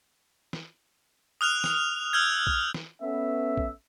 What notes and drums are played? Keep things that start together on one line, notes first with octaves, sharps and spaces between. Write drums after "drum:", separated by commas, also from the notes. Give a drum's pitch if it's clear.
drum: snare
D#6 F6 F#6 F7
drum: snare
E6 F6 G6 G#6
drum: kick
drum: snare
B3 C#4 A4 E5
drum: kick